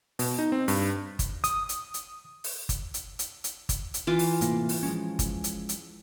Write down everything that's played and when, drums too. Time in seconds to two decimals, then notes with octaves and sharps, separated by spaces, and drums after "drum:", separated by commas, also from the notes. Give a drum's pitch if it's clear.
0.19 B2, drum: open hi-hat
0.39 D#4
0.52 C4
0.68 G2, drum: open hi-hat
1.19 drum: kick G1, hi-hat
1.44 D#6, drum: hi-hat
1.69 drum: hi-hat
1.94 drum: hi-hat
2.44 drum: open hi-hat
2.69 drum: kick G1, hi-hat
2.94 drum: hi-hat
3.19 drum: hi-hat
3.44 drum: hi-hat
3.69 drum: kick G1, hi-hat
3.94 drum: hi-hat
4.07 E3 F4 D6
4.19 drum: open hi-hat
4.41 A2 C3 A#3, drum: hi-hat
4.69 drum: open hi-hat
4.83 F3 G#3 C#4
5.19 drum: kick G1, hi-hat
5.44 drum: hi-hat
5.69 drum: hi-hat